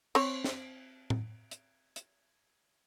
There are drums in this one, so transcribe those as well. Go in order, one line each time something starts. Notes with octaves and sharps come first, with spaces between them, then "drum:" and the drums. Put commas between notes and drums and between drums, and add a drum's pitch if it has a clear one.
C4 C#5, drum: cymbal
drum: snare
drum: tom A2
drum: hi-hat
drum: hi-hat